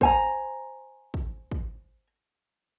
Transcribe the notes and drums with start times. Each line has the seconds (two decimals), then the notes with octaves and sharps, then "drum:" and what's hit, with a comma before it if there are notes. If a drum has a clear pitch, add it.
0.01 C5 G#5 A#5, drum: kick
1.14 drum: kick
1.52 drum: kick